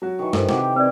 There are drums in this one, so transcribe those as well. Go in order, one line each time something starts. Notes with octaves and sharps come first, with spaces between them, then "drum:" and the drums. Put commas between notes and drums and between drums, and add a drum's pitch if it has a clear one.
F#3 F#4
D#3 E3 C#6
G2 A4 A#4 C5, drum: snare
C3 F#4 G4, drum: snare
G5
C4 B4 D5